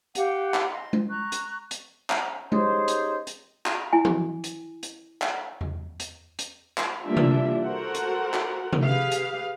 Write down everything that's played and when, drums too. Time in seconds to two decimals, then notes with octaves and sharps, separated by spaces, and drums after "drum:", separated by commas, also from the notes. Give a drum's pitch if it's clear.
0.15 G4 F5 F#5, drum: hi-hat
0.54 drum: clap
0.70 D#5 C6
0.93 drum: tom G#3
1.09 A#5 C#6 F#6
1.32 drum: hi-hat
1.71 drum: hi-hat
2.10 drum: clap
2.52 C#4 D#4 G4 G#4 C5, drum: tom G#3
2.88 drum: hi-hat
3.27 drum: hi-hat
3.66 drum: clap
3.93 E4 G#5
4.05 drum: tom
4.44 drum: hi-hat
4.83 drum: hi-hat
5.22 drum: clap
5.61 drum: tom E2
6.00 drum: hi-hat
6.39 drum: hi-hat
6.78 drum: clap
7.05 E3 G3 A#3 D4 F4 E5
7.17 drum: tom C3
7.63 F#4 A4 A#4 C5 F#5
7.95 drum: hi-hat
8.34 drum: clap
8.73 drum: tom C3
8.84 G4 G#4 B4 F5
9.12 drum: hi-hat